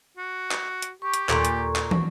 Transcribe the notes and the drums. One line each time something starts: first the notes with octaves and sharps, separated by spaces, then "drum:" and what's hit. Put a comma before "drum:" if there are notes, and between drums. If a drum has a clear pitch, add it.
F#4
drum: clap
drum: hi-hat
G4 C#6
drum: hi-hat
D#2 A#2 A4 A#5, drum: clap
drum: hi-hat
drum: clap
drum: tom